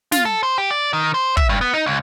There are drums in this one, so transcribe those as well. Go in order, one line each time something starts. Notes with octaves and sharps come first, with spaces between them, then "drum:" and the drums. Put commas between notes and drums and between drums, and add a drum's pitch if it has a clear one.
F4, drum: snare
A4
C5
G4
D5
D#3
C5
E5, drum: kick
G2
B3
D#4
C#2